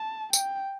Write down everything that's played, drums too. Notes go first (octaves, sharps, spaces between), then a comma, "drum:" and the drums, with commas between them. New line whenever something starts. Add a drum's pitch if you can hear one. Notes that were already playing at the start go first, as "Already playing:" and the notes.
Already playing: A5
G5, drum: tambourine